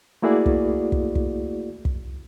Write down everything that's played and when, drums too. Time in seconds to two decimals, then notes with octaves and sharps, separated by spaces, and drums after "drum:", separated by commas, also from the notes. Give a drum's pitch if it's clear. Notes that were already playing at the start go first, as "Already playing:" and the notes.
0.22 A3 A#3 E4 F#4 G#4 D5
0.46 drum: kick
0.92 drum: kick
1.15 drum: kick
1.85 drum: kick